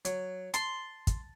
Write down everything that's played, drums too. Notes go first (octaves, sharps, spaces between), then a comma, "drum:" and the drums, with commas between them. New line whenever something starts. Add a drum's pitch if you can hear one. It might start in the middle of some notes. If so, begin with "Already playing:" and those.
F#3, drum: hi-hat
A5 C6, drum: hi-hat
drum: kick, hi-hat